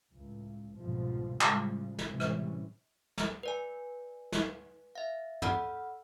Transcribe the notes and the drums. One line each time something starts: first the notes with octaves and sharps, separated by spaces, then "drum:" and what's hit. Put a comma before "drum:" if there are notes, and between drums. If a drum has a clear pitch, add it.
C#2 A2
C2 G#2 B2 D3 F3
A2 C#3 F3 G3 G#3, drum: clap
drum: snare
A2 C3 E3 G3 G#3 C#4
drum: rim click
drum: snare
B4 D5 G#5
drum: snare
E5 F5
A4 D5 F#5 B5 E6 F6, drum: tom